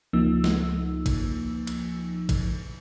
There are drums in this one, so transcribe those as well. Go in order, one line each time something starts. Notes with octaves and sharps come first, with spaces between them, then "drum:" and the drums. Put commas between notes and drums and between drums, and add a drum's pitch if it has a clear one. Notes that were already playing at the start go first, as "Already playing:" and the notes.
C#2 F3 A#3 D#4 E6
drum: snare
drum: kick G#1, cymbal
drum: cymbal
drum: kick G#1, cymbal